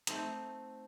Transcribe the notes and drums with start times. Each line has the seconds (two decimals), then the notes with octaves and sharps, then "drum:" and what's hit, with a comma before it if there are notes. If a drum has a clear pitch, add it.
0.07 A3 C4 D#4, drum: hi-hat